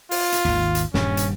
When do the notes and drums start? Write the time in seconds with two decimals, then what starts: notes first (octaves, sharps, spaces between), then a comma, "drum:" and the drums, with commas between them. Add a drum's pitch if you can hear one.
0.11 F4, drum: open hi-hat
0.32 drum: hi-hat
0.45 G#1 D#2
0.75 drum: hi-hat
0.94 D#1 G2 G3 C#4, drum: snare
1.17 drum: hi-hat